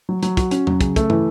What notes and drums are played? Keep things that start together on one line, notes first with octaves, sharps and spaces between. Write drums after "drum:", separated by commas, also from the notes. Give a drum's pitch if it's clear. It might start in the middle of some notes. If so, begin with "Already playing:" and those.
F#3
F#3, drum: hi-hat
F#4, drum: kick, hi-hat
C#4, drum: hi-hat
F#3, drum: tom E2
C#3, drum: kick, hi-hat
A3, drum: kick, hi-hat
E3, drum: tom